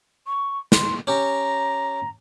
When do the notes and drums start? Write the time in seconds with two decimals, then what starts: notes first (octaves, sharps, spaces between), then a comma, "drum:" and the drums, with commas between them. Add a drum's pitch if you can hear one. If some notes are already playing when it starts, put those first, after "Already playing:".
0.26 C#6
0.72 C6, drum: snare
1.07 C#4 G4 A#5